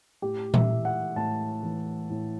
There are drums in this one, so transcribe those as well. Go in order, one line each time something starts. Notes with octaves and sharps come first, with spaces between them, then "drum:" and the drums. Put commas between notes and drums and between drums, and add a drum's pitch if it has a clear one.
A2 G4
E5, drum: tom A#2
E3
F#5
A2 A5
E3
A2